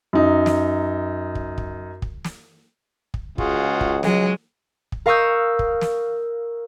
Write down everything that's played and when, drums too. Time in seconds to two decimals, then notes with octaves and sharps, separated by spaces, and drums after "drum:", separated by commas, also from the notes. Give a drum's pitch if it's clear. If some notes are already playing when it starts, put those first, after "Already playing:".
0.13 F#2 D#4
0.46 drum: snare
1.35 drum: kick
1.58 drum: kick
2.02 drum: kick
2.25 drum: snare
3.14 drum: kick
3.38 C#2 F4 F#4 G#4, drum: kick
3.81 drum: kick
4.03 F#3 G#3, drum: snare
4.92 drum: kick
5.06 A#4 F5 C#6 D#6 E6 G6
5.59 drum: kick
5.81 drum: snare